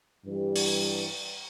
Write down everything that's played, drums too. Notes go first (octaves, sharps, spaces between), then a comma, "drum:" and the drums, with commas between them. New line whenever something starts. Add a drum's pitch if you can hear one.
G2 E3 G3
drum: open hi-hat